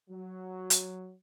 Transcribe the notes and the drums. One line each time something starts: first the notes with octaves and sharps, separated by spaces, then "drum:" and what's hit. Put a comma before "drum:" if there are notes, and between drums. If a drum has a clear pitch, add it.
F#3
drum: hi-hat